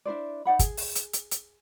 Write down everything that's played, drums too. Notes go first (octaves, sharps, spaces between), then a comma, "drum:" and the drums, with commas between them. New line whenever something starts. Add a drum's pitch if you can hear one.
D4 E4 C5 D5
D#4 D5 F#5 B5
G#4, drum: kick, hi-hat
drum: open hi-hat
drum: hi-hat
drum: hi-hat
drum: hi-hat